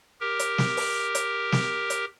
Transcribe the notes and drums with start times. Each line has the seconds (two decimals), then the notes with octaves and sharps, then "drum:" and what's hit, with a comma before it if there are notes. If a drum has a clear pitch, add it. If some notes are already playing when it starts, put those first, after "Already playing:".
0.21 G4 A#4
0.39 drum: hi-hat
0.58 drum: snare
0.77 drum: open hi-hat
1.15 drum: hi-hat
1.52 drum: snare
1.90 drum: hi-hat